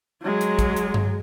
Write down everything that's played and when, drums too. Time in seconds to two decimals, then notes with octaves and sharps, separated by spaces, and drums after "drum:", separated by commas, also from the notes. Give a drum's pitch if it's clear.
0.23 F#3 G#3
0.41 drum: hi-hat
0.59 drum: kick, hi-hat
0.76 drum: hi-hat
0.94 drum: tom G2